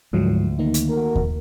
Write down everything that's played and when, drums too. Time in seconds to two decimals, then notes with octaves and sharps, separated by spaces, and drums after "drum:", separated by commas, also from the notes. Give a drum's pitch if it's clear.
0.13 D2 G#2 F3 F#3
0.59 D#3 A#3 D#4
0.74 drum: hi-hat
0.90 A3 F#4 A#4
1.16 drum: kick D#2